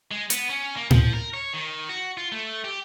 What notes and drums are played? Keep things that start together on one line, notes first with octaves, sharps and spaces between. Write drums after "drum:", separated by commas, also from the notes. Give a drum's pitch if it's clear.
G#3
B3, drum: hi-hat
C#4
A#3
F3, drum: tom A2
A#4
C#5
D#3
F#4
F4
A3
G4